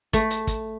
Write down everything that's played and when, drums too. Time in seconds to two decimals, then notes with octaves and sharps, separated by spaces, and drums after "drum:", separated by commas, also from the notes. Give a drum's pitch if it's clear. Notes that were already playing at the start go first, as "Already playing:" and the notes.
0.13 A3, drum: kick, hi-hat
0.30 drum: hi-hat
0.47 drum: kick, hi-hat